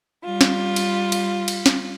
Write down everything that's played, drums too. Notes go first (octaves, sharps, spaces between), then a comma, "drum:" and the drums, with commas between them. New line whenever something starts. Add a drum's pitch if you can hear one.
G3 F4
drum: snare
drum: cymbal
drum: cymbal
drum: cymbal
drum: snare